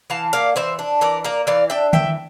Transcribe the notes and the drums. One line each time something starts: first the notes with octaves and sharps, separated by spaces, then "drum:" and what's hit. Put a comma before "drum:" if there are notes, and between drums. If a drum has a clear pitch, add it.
E3 F5 A5
A#3 D5 F5, drum: hi-hat
E3 C5 E5
D4
E3 A#4 D5
A#3 A#4 D5
E3 D5 F5
D4 E5 G5
E3 E5 G5, drum: tom D3